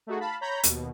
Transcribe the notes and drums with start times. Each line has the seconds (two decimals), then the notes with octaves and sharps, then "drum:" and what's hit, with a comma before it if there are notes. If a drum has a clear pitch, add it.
0.07 A3 D#4 F#4 G#4
0.20 F5 A5 B5
0.41 C#5 A#5 B5 G6
0.63 D#2 B2, drum: hi-hat